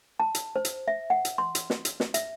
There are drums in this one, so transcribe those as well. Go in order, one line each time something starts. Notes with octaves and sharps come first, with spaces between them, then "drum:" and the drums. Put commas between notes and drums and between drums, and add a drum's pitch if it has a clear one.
A5
drum: hi-hat
C5
drum: hi-hat
E5
F#5
drum: hi-hat
C6
drum: hi-hat
drum: snare
drum: hi-hat
drum: snare
E5, drum: hi-hat